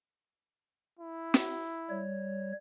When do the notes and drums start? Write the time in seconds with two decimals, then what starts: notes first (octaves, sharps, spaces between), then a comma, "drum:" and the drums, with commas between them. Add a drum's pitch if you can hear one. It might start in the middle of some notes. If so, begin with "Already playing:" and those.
0.99 E4
1.34 drum: snare
1.89 G3 C#5